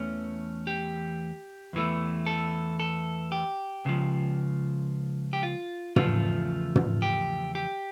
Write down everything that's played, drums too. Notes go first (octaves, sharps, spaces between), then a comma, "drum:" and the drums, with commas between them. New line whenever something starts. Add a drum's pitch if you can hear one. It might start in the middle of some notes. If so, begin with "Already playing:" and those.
Already playing: E2 E3 A3 C#4
G4
E2 E3 A3
A4
A4
G4
C#2 C#3 F3
G4
F4
E2 C#3 F3 A3 F4, drum: tom
drum: tom
G4
G4